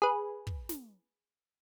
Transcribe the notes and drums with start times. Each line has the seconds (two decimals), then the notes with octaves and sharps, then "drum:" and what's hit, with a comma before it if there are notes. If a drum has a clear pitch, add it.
0.02 G#4 B4
0.47 drum: kick
0.69 drum: snare